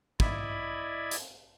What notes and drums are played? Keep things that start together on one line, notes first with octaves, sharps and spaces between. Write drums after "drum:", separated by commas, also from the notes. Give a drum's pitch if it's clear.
E4 D5 D#5 B5 G#6, drum: kick
drum: hi-hat